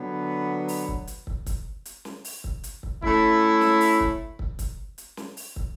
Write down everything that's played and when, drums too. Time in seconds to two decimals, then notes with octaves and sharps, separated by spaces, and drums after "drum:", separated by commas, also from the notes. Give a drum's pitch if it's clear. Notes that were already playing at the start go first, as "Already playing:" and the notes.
Already playing: D3 F#3 B3
0.68 drum: open hi-hat
0.88 drum: kick
1.07 drum: hi-hat
1.27 drum: kick
1.46 drum: kick, hi-hat
1.85 drum: hi-hat
2.05 drum: snare
2.25 drum: open hi-hat
2.44 drum: kick
2.64 drum: hi-hat
2.83 drum: kick
3.02 A3 C#4 E4, drum: kick
3.61 drum: snare
3.81 drum: open hi-hat
4.00 drum: kick
4.39 drum: kick
4.59 drum: kick, hi-hat
4.98 drum: hi-hat
5.17 drum: snare
5.37 drum: open hi-hat
5.56 drum: kick